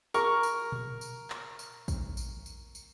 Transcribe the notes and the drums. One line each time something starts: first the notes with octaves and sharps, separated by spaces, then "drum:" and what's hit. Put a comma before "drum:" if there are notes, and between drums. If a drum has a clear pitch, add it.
A#4 C#6, drum: tambourine
drum: tambourine
drum: tom A#2
drum: tambourine
drum: clap
drum: tambourine
drum: kick, tambourine
drum: tambourine
drum: tambourine
drum: tambourine